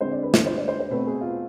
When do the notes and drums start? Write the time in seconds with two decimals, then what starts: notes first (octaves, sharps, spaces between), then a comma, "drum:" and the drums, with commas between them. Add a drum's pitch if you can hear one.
0.01 D3 G#3 C4 C5
0.11 D5
0.23 B4
0.34 C5, drum: snare
0.46 C5
0.58 D5
0.68 C5
0.80 C5
0.90 B2 A3 C4 B4
1.06 G#4
1.21 F4